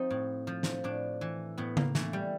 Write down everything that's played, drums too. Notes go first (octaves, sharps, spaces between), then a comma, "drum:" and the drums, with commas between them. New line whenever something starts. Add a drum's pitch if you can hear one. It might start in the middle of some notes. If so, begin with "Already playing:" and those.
Already playing: F3 C4 D#4
A2
F3
drum: snare
A2 D4
E3
A2 B3
A#3, drum: tom C#3
E3 A3, drum: snare
G3